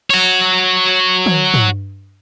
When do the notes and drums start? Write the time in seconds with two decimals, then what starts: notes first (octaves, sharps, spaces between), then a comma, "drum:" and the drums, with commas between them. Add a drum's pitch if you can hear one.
0.10 F#4 C#5, drum: cymbal
1.26 drum: tom
1.54 drum: tom